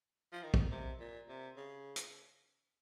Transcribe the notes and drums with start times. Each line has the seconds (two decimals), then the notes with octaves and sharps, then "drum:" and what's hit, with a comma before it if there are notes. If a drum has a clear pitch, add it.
0.32 F3
0.43 D#3
0.54 drum: kick
0.71 C3
1.00 A#2
1.28 C3
1.57 C#3
1.96 drum: hi-hat